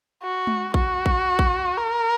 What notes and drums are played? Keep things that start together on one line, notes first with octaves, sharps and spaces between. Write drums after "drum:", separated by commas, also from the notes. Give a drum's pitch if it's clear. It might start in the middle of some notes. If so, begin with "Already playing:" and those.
F#4
drum: tom G#3
F#4, drum: kick A#1
drum: kick A#1
drum: kick A#1
A#4